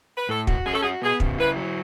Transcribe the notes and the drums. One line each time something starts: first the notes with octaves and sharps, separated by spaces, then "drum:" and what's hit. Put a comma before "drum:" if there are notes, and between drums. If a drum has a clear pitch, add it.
B4
A2 A4
F#4, drum: kick
C#4 G#4
A4
F#4 G#4
B3 G#4
C#3, drum: kick
E4 B4
F#3